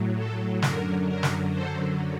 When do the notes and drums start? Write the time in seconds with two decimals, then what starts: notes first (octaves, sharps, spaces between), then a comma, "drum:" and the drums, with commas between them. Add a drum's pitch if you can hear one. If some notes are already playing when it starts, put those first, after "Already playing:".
Already playing: A2 F#3
0.17 A4
0.62 F#2 D3 F#3 A#4, drum: snare
1.08 A#4
1.23 drum: snare
1.53 A4 C5